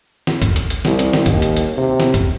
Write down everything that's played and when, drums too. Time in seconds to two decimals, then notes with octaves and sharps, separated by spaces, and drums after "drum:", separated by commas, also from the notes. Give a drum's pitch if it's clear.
0.27 drum: snare
0.42 drum: kick, hi-hat
0.56 drum: hi-hat
0.70 drum: hi-hat
0.85 C2, drum: snare
0.99 drum: hi-hat
1.13 drum: snare
1.26 D#2, drum: kick, hi-hat
1.42 drum: hi-hat
1.57 drum: hi-hat
1.77 C3
2.00 drum: snare
2.14 drum: kick, hi-hat